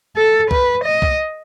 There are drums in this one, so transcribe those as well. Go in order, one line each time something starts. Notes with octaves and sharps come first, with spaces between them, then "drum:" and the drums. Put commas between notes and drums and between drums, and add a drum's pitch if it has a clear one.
A4
B4, drum: kick C2
D#5
drum: kick C2